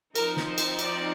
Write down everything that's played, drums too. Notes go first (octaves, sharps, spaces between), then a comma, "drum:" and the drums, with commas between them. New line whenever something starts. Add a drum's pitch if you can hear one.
F3 C4 D#4 A#4, drum: cymbal
drum: snare
C5
drum: cymbal
D5, drum: cymbal